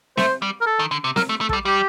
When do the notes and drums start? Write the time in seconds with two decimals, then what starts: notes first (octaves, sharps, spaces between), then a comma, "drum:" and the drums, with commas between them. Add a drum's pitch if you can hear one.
0.17 A3 C5, drum: snare C4
0.42 G3
0.61 A#4
0.66 A4
0.79 D#3
0.91 D3
1.04 C3
1.16 F#3 A#4, drum: snare C4
1.29 A3
1.41 A3
1.49 A4, drum: kick
1.53 G3
1.65 G3 G4